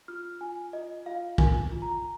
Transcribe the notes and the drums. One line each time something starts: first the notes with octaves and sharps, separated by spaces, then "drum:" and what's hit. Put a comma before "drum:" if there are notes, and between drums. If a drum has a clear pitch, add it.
F4 F6
F4 G#5
F4 D#5
F4 F5
A#4 G#5, drum: kick
F4
A#5